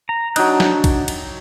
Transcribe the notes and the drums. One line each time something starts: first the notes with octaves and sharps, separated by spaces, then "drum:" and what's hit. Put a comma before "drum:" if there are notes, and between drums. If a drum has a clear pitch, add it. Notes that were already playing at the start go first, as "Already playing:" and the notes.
A#5
F#3 D4 D#4 F#6, drum: cymbal
drum: snare
drum: kick, cymbal
drum: cymbal